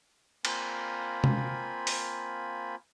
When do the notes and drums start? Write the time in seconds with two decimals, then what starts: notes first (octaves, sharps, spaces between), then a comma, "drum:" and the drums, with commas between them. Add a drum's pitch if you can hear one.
0.45 A#3 C4 F4 G#5 B5, drum: cymbal
1.24 drum: tom
1.87 drum: open hi-hat